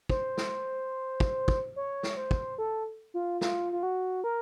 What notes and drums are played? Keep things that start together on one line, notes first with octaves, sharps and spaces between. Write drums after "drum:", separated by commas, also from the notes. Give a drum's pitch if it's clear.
C5, drum: kick
drum: snare
drum: kick
drum: kick
C#5
drum: snare
C5
drum: kick
A4
F4
F4, drum: snare
F4
F#4
A#4